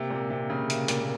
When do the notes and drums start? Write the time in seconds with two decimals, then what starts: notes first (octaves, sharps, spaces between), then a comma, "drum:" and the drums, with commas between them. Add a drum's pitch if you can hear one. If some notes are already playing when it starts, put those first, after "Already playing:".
Already playing: C3 A#3
0.10 A#2
0.30 C3
0.50 C#3
0.70 C3, drum: hi-hat
0.88 A#2, drum: hi-hat